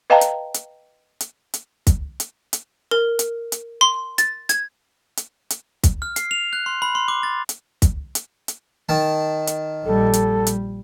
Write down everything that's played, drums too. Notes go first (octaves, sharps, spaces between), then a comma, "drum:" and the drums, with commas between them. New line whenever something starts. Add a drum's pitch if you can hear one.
B4 D#5 F5 G5 A5 A#5
drum: hi-hat
drum: hi-hat
drum: hi-hat
drum: hi-hat
drum: kick, hi-hat
drum: hi-hat
drum: hi-hat
A#4
drum: hi-hat
drum: hi-hat
C6
A6, drum: hi-hat
G#6, drum: hi-hat
drum: hi-hat
drum: hi-hat
drum: kick, hi-hat
F6
C7, drum: hi-hat
F7
F#6
C6
B5
C6
D6
A6
drum: hi-hat
drum: kick, hi-hat
drum: hi-hat
drum: hi-hat
D#3 A5
drum: hi-hat
A#1 G3 A4
drum: hi-hat
drum: hi-hat